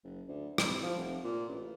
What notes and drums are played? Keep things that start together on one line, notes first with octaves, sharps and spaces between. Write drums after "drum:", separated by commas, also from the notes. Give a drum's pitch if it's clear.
F#1
D2
C2, drum: rim click
F3
F1
A#2
A1